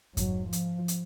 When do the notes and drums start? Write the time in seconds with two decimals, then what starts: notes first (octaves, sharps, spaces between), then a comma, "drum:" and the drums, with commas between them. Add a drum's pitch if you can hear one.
0.17 G#2 F#3, drum: kick F2, hi-hat
0.53 F3, drum: hi-hat
0.88 drum: hi-hat